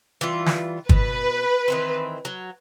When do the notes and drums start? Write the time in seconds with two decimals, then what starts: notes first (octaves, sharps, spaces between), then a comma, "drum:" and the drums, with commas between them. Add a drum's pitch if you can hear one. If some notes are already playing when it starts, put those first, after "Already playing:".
0.21 E3 G3 F4
0.46 drum: snare
0.89 B2 B4, drum: kick G1
1.68 D#3 E3 C4
2.25 F#3